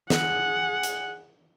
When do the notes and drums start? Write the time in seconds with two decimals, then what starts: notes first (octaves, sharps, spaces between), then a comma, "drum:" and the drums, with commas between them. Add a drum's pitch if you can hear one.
0.10 G#4 F#5, drum: snare
0.83 drum: hi-hat